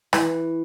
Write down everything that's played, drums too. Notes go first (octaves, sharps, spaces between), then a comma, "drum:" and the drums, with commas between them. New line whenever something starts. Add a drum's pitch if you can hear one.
E3, drum: rim click